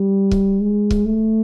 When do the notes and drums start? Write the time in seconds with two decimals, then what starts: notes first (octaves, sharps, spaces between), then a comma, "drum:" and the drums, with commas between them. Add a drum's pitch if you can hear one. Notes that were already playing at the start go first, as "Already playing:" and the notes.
Already playing: G3
0.31 drum: kick
0.60 G#3
0.91 drum: kick
1.06 A3